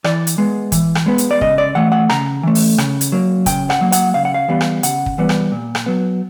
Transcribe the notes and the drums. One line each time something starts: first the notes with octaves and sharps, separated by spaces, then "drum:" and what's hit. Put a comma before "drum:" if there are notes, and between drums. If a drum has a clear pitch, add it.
E3 D5, drum: rim click
drum: hi-hat
G#3 B3
E3, drum: kick, hi-hat
drum: rim click
G#3 B3
drum: hi-hat
D5
C#3 D#5, drum: kick
D5
E3 A3 F#5
F#5
C#3 A#5, drum: rim click
E3 A3
drum: open hi-hat
C#3, drum: rim click
drum: hi-hat
F#3 A#3
C#3 G5, drum: kick, hi-hat
F#5, drum: rim click
F#3 A#3
F#5, drum: hi-hat
C#3 F5
F#5
F5
E3 G3 B3
drum: rim click
C#3 F#5, drum: hi-hat
drum: kick
E3 G3 B3
drum: rim click
A#2
drum: rim click
F#3 B3